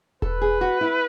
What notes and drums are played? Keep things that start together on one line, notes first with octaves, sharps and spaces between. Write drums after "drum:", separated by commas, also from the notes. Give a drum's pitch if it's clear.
A4 B4, drum: kick E1
G#4
F#4
E4